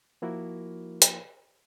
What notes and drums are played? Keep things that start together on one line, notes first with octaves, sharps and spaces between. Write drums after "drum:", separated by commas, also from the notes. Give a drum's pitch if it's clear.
F3 A#3 E4 F#4 A#4
drum: hi-hat